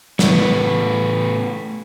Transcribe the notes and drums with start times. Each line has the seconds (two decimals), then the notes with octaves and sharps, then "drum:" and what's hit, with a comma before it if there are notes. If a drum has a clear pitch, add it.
0.19 A2 B3, drum: snare